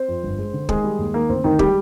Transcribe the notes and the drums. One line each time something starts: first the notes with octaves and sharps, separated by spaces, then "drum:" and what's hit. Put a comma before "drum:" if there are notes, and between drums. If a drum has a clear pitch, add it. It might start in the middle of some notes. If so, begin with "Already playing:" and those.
Already playing: C4 C5
F2
G1
G#3
D3
D#3 G#3 G#4, drum: kick
G3
D#2
D#3 A#3
D2 C4
D2 D#3 D#4
G3 G#3 G4, drum: kick